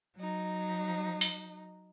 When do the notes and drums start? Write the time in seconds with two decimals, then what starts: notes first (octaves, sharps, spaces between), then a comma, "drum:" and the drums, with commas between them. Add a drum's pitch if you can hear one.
0.16 F#3 D#4
1.21 drum: open hi-hat